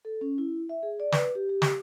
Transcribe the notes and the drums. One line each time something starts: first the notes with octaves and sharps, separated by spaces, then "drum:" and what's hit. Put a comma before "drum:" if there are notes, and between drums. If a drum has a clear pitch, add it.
A4
C#4
E4
E5
G#4
D5
B4, drum: snare
G4
G4
drum: snare